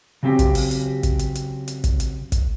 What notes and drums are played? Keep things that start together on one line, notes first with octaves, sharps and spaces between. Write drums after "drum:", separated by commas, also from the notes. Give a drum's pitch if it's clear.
C#3 F#3 C4 G4
drum: kick, hi-hat
drum: open hi-hat
drum: hi-hat
drum: kick, hi-hat
drum: hi-hat
drum: hi-hat
drum: hi-hat
drum: kick, hi-hat
drum: hi-hat
drum: kick, hi-hat